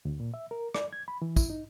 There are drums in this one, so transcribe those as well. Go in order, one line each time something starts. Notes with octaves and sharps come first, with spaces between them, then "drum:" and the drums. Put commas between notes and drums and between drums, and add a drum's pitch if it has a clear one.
D2
A#2
E5
A#4
D5, drum: rim click
G#6
B5
E3
E4, drum: kick, tambourine
D#4